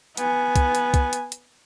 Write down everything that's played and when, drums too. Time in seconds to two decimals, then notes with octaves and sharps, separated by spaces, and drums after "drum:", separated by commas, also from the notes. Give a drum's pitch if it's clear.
0.17 B3 G#5, drum: hi-hat
0.56 drum: kick C2, hi-hat
0.75 drum: hi-hat
0.94 drum: kick C2, hi-hat
1.13 drum: hi-hat
1.32 drum: hi-hat